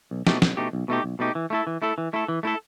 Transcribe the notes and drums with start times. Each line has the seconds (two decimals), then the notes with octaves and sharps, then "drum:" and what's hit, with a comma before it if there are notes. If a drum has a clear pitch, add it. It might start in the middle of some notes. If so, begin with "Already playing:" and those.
0.11 B1
0.27 B2 A3 D#4 G4, drum: snare
0.42 B1, drum: snare
0.57 B2 A3 D#4 G4
0.73 B1
0.88 B2 A3 D#4 G4
1.04 B1
1.19 B2 A3 D#4 G4
1.35 E3
1.50 A3 E4 A4
1.67 E3
1.82 A3 E4 A4
1.98 E3
2.13 A3 E4 A4
2.28 E3
2.43 A3 E4 A4